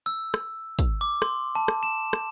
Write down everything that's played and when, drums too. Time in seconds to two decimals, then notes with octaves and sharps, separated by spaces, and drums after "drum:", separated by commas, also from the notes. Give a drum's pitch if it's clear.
0.06 E6
0.34 drum: rim click
0.79 drum: kick, hi-hat
1.01 D6
1.22 C6, drum: rim click
1.55 A5
1.68 drum: rim click
1.83 E7
2.13 drum: rim click